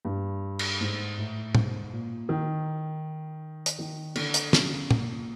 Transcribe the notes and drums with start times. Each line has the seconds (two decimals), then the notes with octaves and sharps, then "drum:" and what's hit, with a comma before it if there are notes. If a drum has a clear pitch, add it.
0.05 G2
0.59 drum: cymbal
0.80 G#2
1.17 A2
1.55 G#2, drum: tom
1.92 A#2
2.29 D#3
3.66 drum: hi-hat
3.79 D#3
4.15 D3, drum: cymbal
4.34 drum: hi-hat
4.53 C#3, drum: snare
4.91 A#2, drum: tom